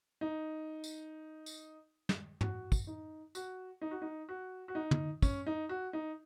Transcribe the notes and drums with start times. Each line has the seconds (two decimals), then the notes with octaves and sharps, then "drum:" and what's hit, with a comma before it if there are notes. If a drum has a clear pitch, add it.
0.21 D#4
0.84 drum: tambourine
1.46 drum: tambourine
2.09 drum: snare
2.41 F#4, drum: tom
2.72 drum: kick, tambourine
2.87 D#4
3.35 F#4, drum: tambourine
3.81 D#4
3.91 F#4
4.02 D#4
4.29 F#4
4.68 F#4
4.75 D#4
4.91 drum: tom
5.22 C#4, drum: kick, tambourine
5.46 D#4
5.69 F#4
5.93 D#4